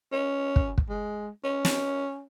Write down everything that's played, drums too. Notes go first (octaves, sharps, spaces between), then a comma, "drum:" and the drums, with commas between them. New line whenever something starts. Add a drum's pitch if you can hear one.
C#4
drum: kick
drum: kick
G#3
C#4
drum: snare